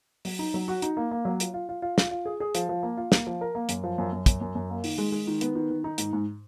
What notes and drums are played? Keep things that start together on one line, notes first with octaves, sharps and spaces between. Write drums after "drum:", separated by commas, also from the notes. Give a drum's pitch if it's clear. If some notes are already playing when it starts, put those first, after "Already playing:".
F#3, drum: open hi-hat
D#4
F#3
F#4
D#4, drum: hi-hat
A#3
A#3
F#3
F4, drum: hi-hat
F4
F4
F4
F4, drum: snare
F4
G#4
G#4
F3, drum: hi-hat
F3
A#3
F4
A#3, drum: snare
F3
A#4
A#3
F#2, drum: hi-hat
F3
F#2
F#2
F#2, drum: kick, hi-hat
F#2
F#2
A#3
D#3, drum: open hi-hat
G#3
G#3
D#3
B3, drum: hi-hat
D#3
D#3
D#4
G#2, drum: hi-hat
G#2